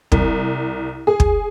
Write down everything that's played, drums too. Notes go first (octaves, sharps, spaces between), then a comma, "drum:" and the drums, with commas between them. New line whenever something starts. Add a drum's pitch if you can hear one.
C2, drum: kick
G#4
drum: kick